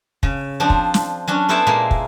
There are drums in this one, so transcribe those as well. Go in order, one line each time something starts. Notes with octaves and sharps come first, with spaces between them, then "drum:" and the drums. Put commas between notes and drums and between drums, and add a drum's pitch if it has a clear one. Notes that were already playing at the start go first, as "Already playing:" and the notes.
C#3, drum: kick
F3 C4 D4
drum: kick
drum: snare
F#3 C#4 D4
B3 E4 A4 C5 D5 A5
A#2 G#3 A#3
drum: kick